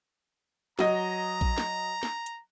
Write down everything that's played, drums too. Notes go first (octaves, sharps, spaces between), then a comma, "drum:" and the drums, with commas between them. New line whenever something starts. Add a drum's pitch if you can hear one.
F#3 D#5 A#5, drum: snare
drum: kick A#1
drum: snare
drum: snare
drum: hi-hat